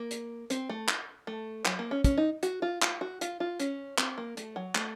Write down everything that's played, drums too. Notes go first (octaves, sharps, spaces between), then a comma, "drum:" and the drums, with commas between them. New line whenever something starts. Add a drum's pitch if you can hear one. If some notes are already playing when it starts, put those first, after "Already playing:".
Already playing: A#3
drum: hi-hat
C4, drum: hi-hat
A3
drum: clap
A3
F#3, drum: clap
A#3
C#4
C#4, drum: kick, hi-hat
D#4
F#4, drum: hi-hat
F4
F4, drum: clap
F#4
F4, drum: hi-hat
F4
C#4, drum: hi-hat
C4, drum: clap
A#3
A3, drum: hi-hat
F#3
A3, drum: clap